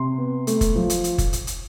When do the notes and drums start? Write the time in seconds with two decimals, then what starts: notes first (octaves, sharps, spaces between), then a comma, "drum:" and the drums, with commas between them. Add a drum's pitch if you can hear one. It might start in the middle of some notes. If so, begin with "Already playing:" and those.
Already playing: C3 C6
0.18 B3
0.47 A3, drum: hi-hat
0.61 drum: kick F#1, hi-hat
0.75 F3
0.90 drum: hi-hat
1.04 drum: hi-hat
1.18 drum: kick F#1, hi-hat
1.33 drum: hi-hat
1.47 drum: hi-hat